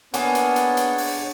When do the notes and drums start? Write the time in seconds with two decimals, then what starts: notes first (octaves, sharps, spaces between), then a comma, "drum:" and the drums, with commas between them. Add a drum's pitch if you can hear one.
0.14 A#3 B3 D4 G#4 C#5 F5 F#5 F#6, drum: hi-hat
0.35 drum: hi-hat
0.56 drum: hi-hat
0.77 drum: hi-hat
0.98 drum: open hi-hat